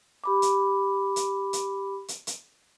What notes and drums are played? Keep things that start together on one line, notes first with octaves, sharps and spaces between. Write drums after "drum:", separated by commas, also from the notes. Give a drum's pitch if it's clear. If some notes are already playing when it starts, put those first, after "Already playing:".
G4 B5 D6
drum: hi-hat
drum: hi-hat
drum: hi-hat
drum: hi-hat
drum: hi-hat